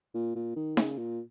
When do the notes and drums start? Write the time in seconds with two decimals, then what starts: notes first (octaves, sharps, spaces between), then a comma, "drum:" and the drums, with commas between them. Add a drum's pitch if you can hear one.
0.14 A#2
0.35 A#2
0.56 D#3
0.77 C#3, drum: snare D#4
0.98 A#2